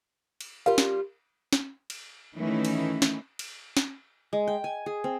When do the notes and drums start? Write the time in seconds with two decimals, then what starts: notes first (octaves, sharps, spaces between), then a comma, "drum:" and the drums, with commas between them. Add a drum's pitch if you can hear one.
0.41 drum: cymbal
0.66 G3 F4 A#4 F5
0.78 drum: snare
1.53 drum: snare
1.90 drum: cymbal
2.35 D#3 E3 A3 C#4 D#4 E4
2.65 drum: cymbal
3.02 drum: snare
3.39 drum: cymbal
3.77 drum: snare
4.33 G#3
4.47 G5
4.64 G#5
4.86 G#4
5.04 C4